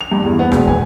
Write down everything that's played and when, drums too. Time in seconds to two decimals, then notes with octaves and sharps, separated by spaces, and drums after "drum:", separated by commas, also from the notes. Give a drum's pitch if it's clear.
0.01 F7
0.12 G2
0.23 E2
0.39 B3
0.52 E1, drum: rim click
0.67 G#5, drum: kick